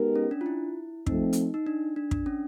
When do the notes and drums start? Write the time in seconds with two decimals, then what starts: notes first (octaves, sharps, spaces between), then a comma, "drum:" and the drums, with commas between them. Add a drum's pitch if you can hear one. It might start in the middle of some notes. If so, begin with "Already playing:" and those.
Already playing: G#3 B3 D#4 G4 A#4
0.16 C#4
0.31 D4
0.41 F4
0.46 E4
1.06 F3 A3 C4 D#4, drum: kick
1.33 drum: hi-hat
1.54 D#4
1.67 D4
1.96 D4
2.11 D4, drum: kick
2.26 C#4